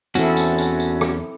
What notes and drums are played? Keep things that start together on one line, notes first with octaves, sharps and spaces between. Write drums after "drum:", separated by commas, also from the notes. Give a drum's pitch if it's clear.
E2 G2 C4 C#4 E4 F#4 A4, drum: tambourine
drum: tambourine
drum: tambourine
drum: tambourine
drum: rim click